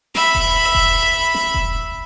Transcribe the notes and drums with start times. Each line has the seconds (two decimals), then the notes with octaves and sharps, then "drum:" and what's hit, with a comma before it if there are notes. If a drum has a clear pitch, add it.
0.15 E5 B5, drum: snare
0.35 drum: kick E1
0.75 drum: kick E1
1.34 drum: snare
1.54 drum: kick E1